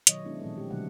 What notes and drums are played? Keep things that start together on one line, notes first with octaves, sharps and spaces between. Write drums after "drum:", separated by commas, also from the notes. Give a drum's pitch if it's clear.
B2 D#3 F#3 C#5 D#5, drum: hi-hat
G#3 B3 C#4 D4 E4 G#4
A#2 D#3 F3 G#3 C4 A4
A3 C4 G4
B2 D3 F#3 G#3 A3 F#5